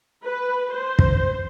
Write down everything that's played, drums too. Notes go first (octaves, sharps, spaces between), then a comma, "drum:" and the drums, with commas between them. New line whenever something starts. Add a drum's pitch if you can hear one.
B4
C5
drum: kick